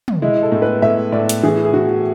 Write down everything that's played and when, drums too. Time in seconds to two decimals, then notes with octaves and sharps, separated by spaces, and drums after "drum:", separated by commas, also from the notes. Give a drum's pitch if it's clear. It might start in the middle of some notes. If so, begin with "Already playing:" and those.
0.08 drum: tom
0.22 G#3 E4
0.43 A4
0.52 A2
0.62 B4
0.82 A2 E5
1.12 A2 D5
1.29 drum: hi-hat
1.43 E3 G#4
1.65 G#4
1.74 E3 F#4